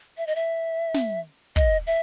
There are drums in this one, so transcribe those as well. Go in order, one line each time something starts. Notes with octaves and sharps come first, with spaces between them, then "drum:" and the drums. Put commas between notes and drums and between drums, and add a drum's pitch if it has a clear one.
E5
D#5
E5
drum: snare
D#5, drum: kick
E5